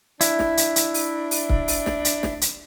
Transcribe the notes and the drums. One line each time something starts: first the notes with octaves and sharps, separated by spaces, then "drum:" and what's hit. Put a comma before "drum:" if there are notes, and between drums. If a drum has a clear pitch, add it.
D4 E4, drum: hi-hat
drum: snare
drum: hi-hat
drum: hi-hat
drum: open hi-hat
drum: open hi-hat
drum: kick C#1
drum: open hi-hat
drum: snare
drum: hi-hat
drum: snare
drum: hi-hat